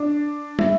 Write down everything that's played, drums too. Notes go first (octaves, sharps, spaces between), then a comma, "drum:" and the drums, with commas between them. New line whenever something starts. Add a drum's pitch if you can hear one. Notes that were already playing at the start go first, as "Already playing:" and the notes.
Already playing: D4
E4, drum: tom